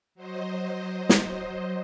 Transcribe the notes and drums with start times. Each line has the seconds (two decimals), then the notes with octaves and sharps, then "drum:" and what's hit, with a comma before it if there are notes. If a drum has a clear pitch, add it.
0.15 F#3 C5 D#5
1.09 drum: snare